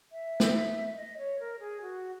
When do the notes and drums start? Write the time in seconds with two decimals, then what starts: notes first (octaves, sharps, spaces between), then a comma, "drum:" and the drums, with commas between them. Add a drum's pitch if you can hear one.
0.12 E5
0.40 drum: snare
0.96 D#5
1.18 C#5
1.39 A#4
1.59 G#4
1.81 F#4